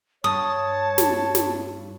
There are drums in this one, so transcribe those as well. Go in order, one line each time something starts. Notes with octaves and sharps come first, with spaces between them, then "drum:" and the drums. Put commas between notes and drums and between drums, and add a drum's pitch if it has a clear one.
G2 C#5 A5 D#6
drum: snare
drum: snare